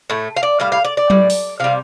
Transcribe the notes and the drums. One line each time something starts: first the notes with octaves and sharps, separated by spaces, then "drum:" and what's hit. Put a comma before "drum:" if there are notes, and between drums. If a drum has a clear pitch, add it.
A2 A3
F5
D5
A2 G3 F5
F5
D5
D5
A2 G3, drum: tom F#3
drum: open hi-hat
C3 G3 F5